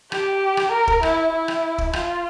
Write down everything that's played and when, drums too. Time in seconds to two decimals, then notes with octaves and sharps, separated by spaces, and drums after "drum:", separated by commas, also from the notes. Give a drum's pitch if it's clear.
0.12 G4, drum: rim click
0.57 drum: rim click
0.72 A#4
0.87 drum: kick
1.03 E4, drum: rim click
1.32 E4
1.48 drum: rim click
1.78 drum: kick
1.93 F4, drum: rim click